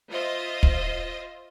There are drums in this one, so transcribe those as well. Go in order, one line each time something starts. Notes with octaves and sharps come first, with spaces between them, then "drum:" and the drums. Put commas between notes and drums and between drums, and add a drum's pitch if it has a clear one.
F4 C5 D#5 E5
drum: kick